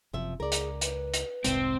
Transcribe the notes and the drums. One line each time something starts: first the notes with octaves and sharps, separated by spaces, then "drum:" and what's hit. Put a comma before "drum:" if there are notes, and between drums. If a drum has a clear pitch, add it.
F#1 C3 F3 E5
C#2 G#4 A#4 D5
drum: hi-hat
B4, drum: hi-hat
drum: hi-hat
F1 C2 G#2 C3 C4, drum: hi-hat